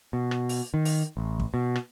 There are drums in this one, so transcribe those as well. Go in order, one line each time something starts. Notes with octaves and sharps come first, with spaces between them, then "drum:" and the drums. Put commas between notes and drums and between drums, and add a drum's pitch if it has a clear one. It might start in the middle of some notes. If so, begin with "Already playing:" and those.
B2
drum: rim click
drum: open hi-hat
D#3
drum: open hi-hat
A1
drum: kick
B2
drum: rim click